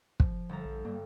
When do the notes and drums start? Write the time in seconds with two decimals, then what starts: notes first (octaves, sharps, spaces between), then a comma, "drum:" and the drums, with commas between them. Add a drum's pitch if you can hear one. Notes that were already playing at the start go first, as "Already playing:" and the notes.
0.20 F3, drum: kick
0.49 G1 A4 A#5
0.65 A#1
0.85 G2 G3 A#3